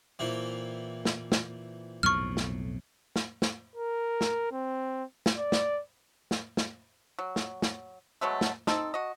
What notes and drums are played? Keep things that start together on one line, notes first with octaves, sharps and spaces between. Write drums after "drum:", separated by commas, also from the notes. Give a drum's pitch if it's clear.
A#2 E3 C4
drum: snare
drum: snare
B1 F2 A2 C#6 F6
drum: snare
drum: snare
drum: snare
A#4
drum: snare
C4
drum: snare
D5
drum: snare
drum: snare
drum: snare
F#3
drum: snare
drum: snare
B2 F#3 G#3 A3
drum: snare
C4 D#4 A4, drum: snare
F#4 D#5